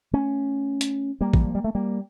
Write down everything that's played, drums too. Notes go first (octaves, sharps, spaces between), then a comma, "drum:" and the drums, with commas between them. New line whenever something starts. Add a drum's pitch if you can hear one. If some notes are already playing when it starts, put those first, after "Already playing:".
A3 C#4
drum: hi-hat
G3 A#3
E3, drum: kick A1
F3
G3
A3
G3 A#3